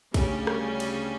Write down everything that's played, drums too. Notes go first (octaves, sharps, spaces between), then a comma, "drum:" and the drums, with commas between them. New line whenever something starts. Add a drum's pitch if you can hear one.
D2 C#3 G3 C#4, drum: kick A#1, cymbal
drum: rim click
drum: cymbal